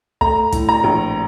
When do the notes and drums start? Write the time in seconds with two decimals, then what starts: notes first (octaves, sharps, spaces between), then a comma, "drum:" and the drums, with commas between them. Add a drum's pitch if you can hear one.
0.21 A3 A#5, drum: kick
0.52 A2, drum: kick, hi-hat
0.69 A#5
0.84 A#1